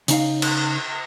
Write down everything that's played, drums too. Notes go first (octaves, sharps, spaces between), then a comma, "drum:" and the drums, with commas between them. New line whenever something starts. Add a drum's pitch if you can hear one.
C#3 D#4 F5, drum: hi-hat
drum: cymbal